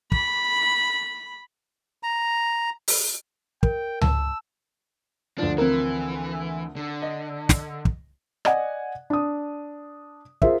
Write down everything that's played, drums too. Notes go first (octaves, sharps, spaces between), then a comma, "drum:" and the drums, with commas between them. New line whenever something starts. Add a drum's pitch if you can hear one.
B5, drum: kick
A#5
drum: open hi-hat
A#4 G5, drum: kick
A5 E6, drum: tom C#2
D2 F3 D4
E3 C4 A#4
D3
D#5
drum: snare
drum: kick
D5 D#5 F#5 G#5, drum: rim click
D4 D#6
F4 G#4 A#4 C5 E5, drum: kick